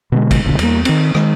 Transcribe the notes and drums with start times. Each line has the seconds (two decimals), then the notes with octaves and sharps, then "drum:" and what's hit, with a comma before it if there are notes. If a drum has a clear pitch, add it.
0.12 B2 D3 G#3
0.31 drum: kick, cymbal
0.44 F1 C#2 B2 D3
0.59 E2 G3 A#3, drum: cymbal
0.85 D#3 C4, drum: cymbal
1.15 D#3 G#3, drum: rim click